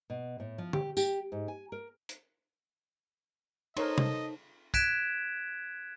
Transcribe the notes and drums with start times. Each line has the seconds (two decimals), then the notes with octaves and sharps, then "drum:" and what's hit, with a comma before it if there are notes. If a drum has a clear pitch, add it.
0.10 B2
0.40 A2
0.58 F3
0.73 G4, drum: tom D3
0.97 G4, drum: tambourine
1.32 G#2
1.48 G#5
1.72 A#4
2.09 drum: hi-hat
3.77 D#4 A4 A#4 C5 C#5 D#5 C6, drum: cymbal
3.98 drum: tom
4.74 F#6 G#6 B6 D7 E7, drum: kick